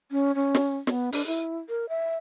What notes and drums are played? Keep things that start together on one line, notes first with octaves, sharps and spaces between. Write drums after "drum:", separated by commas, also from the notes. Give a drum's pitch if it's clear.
C#4
C#4
drum: snare
B3, drum: snare
D4, drum: open hi-hat
E4
A#4
E5